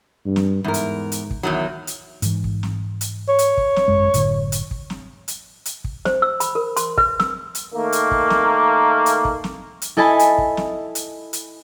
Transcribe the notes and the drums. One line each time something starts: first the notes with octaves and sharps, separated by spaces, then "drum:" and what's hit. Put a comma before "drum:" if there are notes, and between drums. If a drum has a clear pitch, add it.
G2
drum: snare
E2 G#2 A#4
drum: hi-hat
drum: hi-hat
drum: kick
E2 D#3 F#3
drum: hi-hat
G#2 E3, drum: hi-hat
drum: kick
drum: snare
drum: hi-hat
C#5
drum: hi-hat
drum: kick
drum: snare
G#1 F#2 G#3
F#1 A2 D3, drum: hi-hat
drum: hi-hat
drum: kick
drum: snare
drum: hi-hat
drum: hi-hat
drum: kick
C5, drum: snare
E6
B5, drum: hi-hat
A#4
C6, drum: hi-hat
B4, drum: kick
E6, drum: snare
drum: hi-hat
D#3 A3 A#3
drum: hi-hat
drum: kick
drum: snare
drum: hi-hat
drum: kick
drum: snare
drum: hi-hat
E4 A4 D#5 G#5 A5 B5
drum: hi-hat
drum: kick
drum: snare
drum: hi-hat
drum: hi-hat